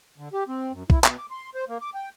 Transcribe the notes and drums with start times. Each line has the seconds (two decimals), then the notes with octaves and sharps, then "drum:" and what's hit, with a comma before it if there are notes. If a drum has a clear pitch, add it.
0.18 D3
0.33 G4
0.48 C4
0.72 F#2
0.90 E4, drum: kick
1.04 B2, drum: clap
1.18 D6
1.31 C6
1.55 C5
1.69 A#3
1.81 D6
1.94 G5